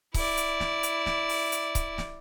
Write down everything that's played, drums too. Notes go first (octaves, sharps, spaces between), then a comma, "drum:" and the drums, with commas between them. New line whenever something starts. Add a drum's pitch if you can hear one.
E4 D5, drum: kick C#1, open hi-hat
drum: hi-hat
drum: snare
drum: hi-hat
drum: snare
drum: open hi-hat
drum: hi-hat
drum: kick C#1, hi-hat
drum: snare